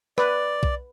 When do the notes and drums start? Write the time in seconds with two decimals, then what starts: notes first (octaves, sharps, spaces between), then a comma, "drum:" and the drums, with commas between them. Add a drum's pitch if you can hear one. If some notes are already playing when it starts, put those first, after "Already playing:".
0.18 B4 D5, drum: rim click
0.63 drum: kick B1